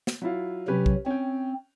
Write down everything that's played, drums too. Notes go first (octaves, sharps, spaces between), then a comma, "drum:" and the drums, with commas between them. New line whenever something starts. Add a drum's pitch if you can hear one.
drum: snare
F#3 E4 F4
C3 F#3 C#4 G4 B4
drum: kick
C4 C#4 G5